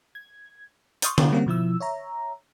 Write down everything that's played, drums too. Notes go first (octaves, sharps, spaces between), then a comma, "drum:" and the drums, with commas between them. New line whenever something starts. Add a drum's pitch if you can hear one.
G#6
C6 C#6 D#6 F6 G6 A6, drum: hi-hat
drum: tom D3
G3 A#3 C4 C#4 F#5
B2 F3 E4 E6
C#5 E5 A#5